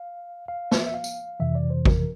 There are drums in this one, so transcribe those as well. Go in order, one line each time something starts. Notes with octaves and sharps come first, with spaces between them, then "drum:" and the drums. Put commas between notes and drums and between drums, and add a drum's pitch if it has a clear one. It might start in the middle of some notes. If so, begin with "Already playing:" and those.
Already playing: F5
F5
E5, drum: snare
E5
F5
drum: tambourine
F2 C3 E3 E5
D5
C5
A#4, drum: kick